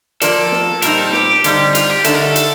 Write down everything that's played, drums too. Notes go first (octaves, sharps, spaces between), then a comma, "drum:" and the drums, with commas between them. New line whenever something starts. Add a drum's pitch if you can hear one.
F3 A#3 F4 A4 A#4 D5, drum: hi-hat
drum: snare
A#2 G3 C4 D#4 A#4, drum: hi-hat
A4
G4, drum: snare
G2 D3 G3 C4 D#4, drum: hi-hat
F4, drum: hi-hat
G4
D3 A3 D#4 A4, drum: hi-hat
A#4
A4
drum: hi-hat